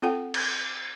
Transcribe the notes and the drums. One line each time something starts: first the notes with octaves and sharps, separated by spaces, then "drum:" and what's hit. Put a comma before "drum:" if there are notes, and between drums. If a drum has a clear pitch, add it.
C4 F4 A4 F#5 G5
drum: cymbal